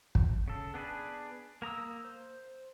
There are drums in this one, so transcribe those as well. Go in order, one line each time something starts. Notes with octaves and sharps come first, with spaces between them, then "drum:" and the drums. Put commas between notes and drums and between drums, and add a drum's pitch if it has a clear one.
drum: kick
C#3 A4
B3 D4 G#4 B4
A#3 A#5 D#6 E6
C5